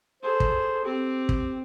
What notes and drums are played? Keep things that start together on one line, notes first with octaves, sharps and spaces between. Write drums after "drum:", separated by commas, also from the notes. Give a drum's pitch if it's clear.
G#4 A4 C5
drum: kick
C4 G4
drum: kick